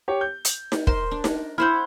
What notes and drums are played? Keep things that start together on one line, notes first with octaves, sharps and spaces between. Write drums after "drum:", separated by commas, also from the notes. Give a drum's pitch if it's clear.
G4 C#5
G6
drum: hi-hat
drum: snare D#4
A#4 C5 C6, drum: kick
D4
drum: snare D#4
E4 C5 F#5 F6 G6